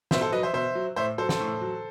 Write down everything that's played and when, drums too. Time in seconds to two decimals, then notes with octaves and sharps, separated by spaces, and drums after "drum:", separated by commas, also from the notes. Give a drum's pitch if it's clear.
0.11 B2 C5 E5, drum: snare
0.21 A4 C5
0.32 F#3 B4 D#5
0.43 C5 E5
0.53 B2 C5 E5
0.75 F#3
0.96 A2 C5 E5
1.18 F#3 A4 C5
1.29 A4 C5, drum: snare
1.40 A2
1.61 F#3